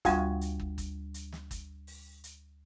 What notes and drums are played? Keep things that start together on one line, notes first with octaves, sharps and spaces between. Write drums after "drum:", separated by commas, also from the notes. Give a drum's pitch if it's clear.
D2 G3 F4 F#4 E5 G#5, drum: kick, hi-hat
drum: hi-hat
drum: kick
drum: kick, hi-hat
drum: hi-hat
drum: snare
drum: kick, hi-hat
drum: open hi-hat
drum: hi-hat